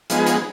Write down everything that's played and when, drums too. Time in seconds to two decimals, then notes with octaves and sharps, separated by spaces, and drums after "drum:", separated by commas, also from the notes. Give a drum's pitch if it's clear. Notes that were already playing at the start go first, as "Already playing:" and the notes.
0.10 F3 G#3 B3 D#4 G#4, drum: hi-hat
0.26 drum: hi-hat